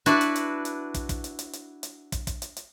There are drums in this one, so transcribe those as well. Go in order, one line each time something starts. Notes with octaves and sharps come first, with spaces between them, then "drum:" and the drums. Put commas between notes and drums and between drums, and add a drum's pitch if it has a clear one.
D4 E4 F#4 B4, drum: hi-hat
drum: hi-hat
drum: hi-hat
drum: hi-hat
drum: kick, hi-hat
drum: kick, hi-hat
drum: hi-hat
drum: hi-hat
drum: hi-hat
drum: hi-hat
drum: kick, hi-hat
drum: kick, hi-hat
drum: hi-hat
drum: hi-hat